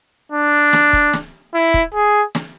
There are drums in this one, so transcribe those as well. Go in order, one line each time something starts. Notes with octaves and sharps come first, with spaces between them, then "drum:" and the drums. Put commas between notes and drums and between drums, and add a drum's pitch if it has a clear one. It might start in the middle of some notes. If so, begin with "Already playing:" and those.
D4
drum: snare
drum: kick
drum: snare
E4
drum: kick
G#4
drum: snare